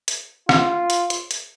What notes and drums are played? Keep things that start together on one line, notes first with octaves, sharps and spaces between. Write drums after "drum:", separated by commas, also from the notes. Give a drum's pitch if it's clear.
drum: hi-hat
F4, drum: rim click
drum: hi-hat
drum: hi-hat
drum: hi-hat